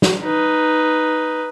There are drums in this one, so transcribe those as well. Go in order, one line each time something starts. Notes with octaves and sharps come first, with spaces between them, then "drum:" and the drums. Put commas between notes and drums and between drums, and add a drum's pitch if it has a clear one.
drum: snare
D#4 B4